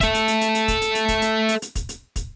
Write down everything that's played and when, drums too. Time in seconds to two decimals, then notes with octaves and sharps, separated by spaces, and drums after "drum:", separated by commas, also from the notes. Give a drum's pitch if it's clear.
0.01 A4 E5, drum: kick, hi-hat
0.14 drum: hi-hat
0.28 drum: hi-hat
0.41 drum: hi-hat
0.55 drum: hi-hat
0.68 drum: kick, hi-hat
0.82 drum: hi-hat
0.95 drum: hi-hat
1.08 drum: kick, hi-hat
1.22 drum: hi-hat
1.49 drum: hi-hat
1.62 drum: hi-hat
1.75 drum: kick, hi-hat
1.89 drum: hi-hat
2.16 drum: kick, hi-hat